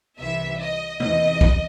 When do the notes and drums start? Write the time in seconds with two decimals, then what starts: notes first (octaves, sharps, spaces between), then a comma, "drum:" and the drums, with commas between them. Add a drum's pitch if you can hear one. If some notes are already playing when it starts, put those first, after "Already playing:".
0.18 C2 C3 E3 E5
0.60 D#5
1.00 E2 C3 E3 D#5, drum: tom
1.41 drum: kick